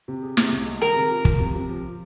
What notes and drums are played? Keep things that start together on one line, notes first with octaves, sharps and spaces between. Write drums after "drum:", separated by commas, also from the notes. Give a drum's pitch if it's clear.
C3
G#4
C3, drum: snare
C2
G#3
D#3 A#4
C3
F4
F3, drum: kick
C3
C3
F3